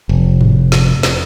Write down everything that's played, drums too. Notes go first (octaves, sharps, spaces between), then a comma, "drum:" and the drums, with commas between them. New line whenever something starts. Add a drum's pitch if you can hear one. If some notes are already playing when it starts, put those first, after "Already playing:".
F1
drum: tom G#2
drum: snare
drum: snare